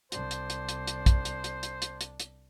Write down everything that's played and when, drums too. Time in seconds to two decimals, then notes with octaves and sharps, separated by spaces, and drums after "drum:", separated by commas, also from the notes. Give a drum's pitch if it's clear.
0.12 C2 D4 C5, drum: hi-hat
0.31 drum: hi-hat
0.50 drum: hi-hat
0.69 drum: hi-hat
0.87 drum: hi-hat
1.06 drum: kick A#1, hi-hat
1.25 drum: hi-hat
1.44 drum: hi-hat
1.63 drum: hi-hat
1.82 drum: hi-hat
2.01 drum: hi-hat
2.20 drum: hi-hat